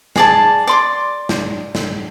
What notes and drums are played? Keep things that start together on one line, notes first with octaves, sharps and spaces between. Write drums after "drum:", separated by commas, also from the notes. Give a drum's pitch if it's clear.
G#4 D5 A5, drum: snare
D5 C6 D6
drum: snare
drum: snare